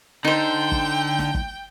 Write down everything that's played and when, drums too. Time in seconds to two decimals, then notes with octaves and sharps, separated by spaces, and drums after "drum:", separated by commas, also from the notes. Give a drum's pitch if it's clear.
0.25 D3 D#4 C5 G5
0.72 drum: kick
1.19 drum: snare
1.35 drum: kick